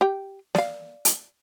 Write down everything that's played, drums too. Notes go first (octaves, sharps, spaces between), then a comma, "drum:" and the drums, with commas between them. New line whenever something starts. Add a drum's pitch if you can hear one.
G4 G5
D5 F5, drum: snare
drum: hi-hat